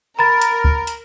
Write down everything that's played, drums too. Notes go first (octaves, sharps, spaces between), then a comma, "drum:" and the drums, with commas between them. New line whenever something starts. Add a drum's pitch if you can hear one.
A#4 A#5 B5 A6
drum: hi-hat
drum: kick D2
drum: hi-hat